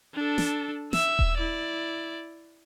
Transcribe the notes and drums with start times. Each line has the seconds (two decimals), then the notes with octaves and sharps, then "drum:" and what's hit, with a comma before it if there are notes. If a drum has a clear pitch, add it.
0.14 D4 A4
0.38 drum: snare
0.93 E5 E6, drum: snare
1.19 drum: kick D#1
1.37 E4 D5